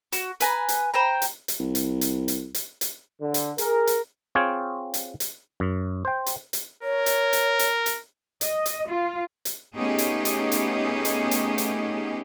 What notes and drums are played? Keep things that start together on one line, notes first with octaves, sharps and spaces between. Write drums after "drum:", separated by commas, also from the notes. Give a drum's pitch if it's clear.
F#4, drum: hi-hat
B4 G#5 A#5, drum: hi-hat
drum: hi-hat
C5 G5 A#5
drum: hi-hat
drum: hi-hat
C2
drum: hi-hat
drum: hi-hat
drum: hi-hat
drum: hi-hat
drum: hi-hat
D3
drum: hi-hat
G#4 A#4, drum: hi-hat
drum: hi-hat
C4 F4 G#4 C#5 G5
drum: hi-hat
drum: hi-hat
F#2
C5 G5
drum: hi-hat
drum: hi-hat
A#4 C#5
drum: hi-hat
drum: hi-hat
drum: hi-hat
drum: hi-hat
D#5, drum: hi-hat
drum: hi-hat
F4
drum: hi-hat
A3 B3 C#4 D#4 G4 G#4
drum: hi-hat
drum: hi-hat
drum: hi-hat
drum: hi-hat
drum: hi-hat
drum: hi-hat